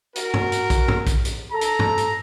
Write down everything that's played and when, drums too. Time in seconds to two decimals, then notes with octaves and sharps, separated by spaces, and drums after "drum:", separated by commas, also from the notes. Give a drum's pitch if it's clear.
0.16 F#4 A#4, drum: hi-hat
0.34 drum: tom G2
0.52 drum: hi-hat
0.70 drum: kick A#1, hi-hat
0.88 drum: tom G2
1.07 drum: kick A#1, hi-hat
1.25 drum: hi-hat
1.52 A4 A#5
1.61 drum: hi-hat
1.79 drum: tom G2
1.98 drum: hi-hat